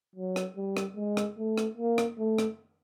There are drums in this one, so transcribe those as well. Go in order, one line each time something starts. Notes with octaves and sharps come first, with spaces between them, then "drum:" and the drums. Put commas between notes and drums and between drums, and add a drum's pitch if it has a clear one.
F#3
drum: rim click
G3
drum: rim click
G#3
drum: rim click
A3
drum: rim click
A#3
drum: rim click
A3
drum: rim click